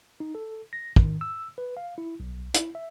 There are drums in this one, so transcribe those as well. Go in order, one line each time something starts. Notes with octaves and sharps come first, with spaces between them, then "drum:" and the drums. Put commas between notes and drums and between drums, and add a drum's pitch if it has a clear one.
D#4
A4
A#6
D#3, drum: kick
E6
B4
F5
E4
B1
E4, drum: hi-hat
E5